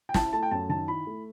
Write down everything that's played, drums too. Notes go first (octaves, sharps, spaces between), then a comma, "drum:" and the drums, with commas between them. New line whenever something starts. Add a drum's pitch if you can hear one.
G5
E4 A5, drum: snare
A3 A5
G5
F#2 A5
D#3 A5
E4 B5
A3